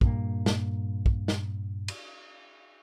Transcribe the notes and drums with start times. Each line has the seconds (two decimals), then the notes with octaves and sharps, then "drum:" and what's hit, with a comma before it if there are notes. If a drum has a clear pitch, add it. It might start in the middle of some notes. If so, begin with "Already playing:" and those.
0.01 G2 A#2 A#3, drum: kick
0.46 drum: snare
1.06 drum: kick
1.28 drum: snare
1.88 drum: cymbal